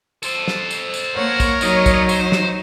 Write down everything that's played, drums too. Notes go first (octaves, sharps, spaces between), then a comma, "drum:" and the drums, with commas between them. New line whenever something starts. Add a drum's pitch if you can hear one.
A4 C5, drum: tambourine
drum: snare
drum: tambourine
drum: tambourine
A#3 A#4 C#5 F#5
drum: kick, tambourine
F#3 D#4 D5 D#5, drum: tambourine
drum: kick, tambourine
C5, drum: tambourine
drum: snare